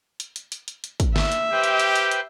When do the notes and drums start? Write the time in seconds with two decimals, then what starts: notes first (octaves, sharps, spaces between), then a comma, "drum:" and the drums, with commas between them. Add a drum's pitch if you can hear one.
0.20 drum: hi-hat
0.36 drum: hi-hat
0.52 drum: hi-hat
0.68 drum: hi-hat
0.84 drum: hi-hat
1.00 drum: kick, hi-hat
1.16 E5, drum: snare
1.32 drum: hi-hat
1.51 G4 B4 C5 G5
1.64 drum: hi-hat
1.80 drum: hi-hat
1.95 drum: hi-hat
2.11 drum: hi-hat